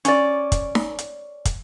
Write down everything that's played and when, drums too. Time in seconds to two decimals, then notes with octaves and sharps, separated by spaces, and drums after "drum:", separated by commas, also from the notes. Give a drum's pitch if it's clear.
0.05 C#4 D5, drum: hi-hat
0.52 drum: kick, hi-hat
0.75 drum: snare D#4
0.99 drum: hi-hat
1.45 drum: kick, hi-hat